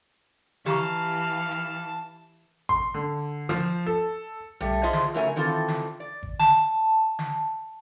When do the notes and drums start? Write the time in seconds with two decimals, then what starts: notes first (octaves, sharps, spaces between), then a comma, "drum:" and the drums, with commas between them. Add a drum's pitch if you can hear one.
0.66 E3 G4 F5 A5 A#5 C#6, drum: snare
1.52 drum: hi-hat
2.69 C6, drum: kick G#1
2.94 D3
3.49 F3, drum: snare
3.87 A4
4.61 G3 A3, drum: tom B1
4.83 F4 G#4 C5 D#5 E5
4.93 drum: snare
5.14 C#3 F#3 A3 A#4 E5 G#5
5.36 D#3 E3 C4 F4 A4
5.68 drum: snare
6.00 D5
6.23 drum: kick G#1
6.40 A5, drum: snare
7.19 drum: snare